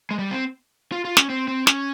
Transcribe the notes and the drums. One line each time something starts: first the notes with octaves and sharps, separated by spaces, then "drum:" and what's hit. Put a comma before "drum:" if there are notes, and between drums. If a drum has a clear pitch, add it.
G#3
G3
C4
F4
F4
C#4, drum: snare
C4
C4
C#4, drum: snare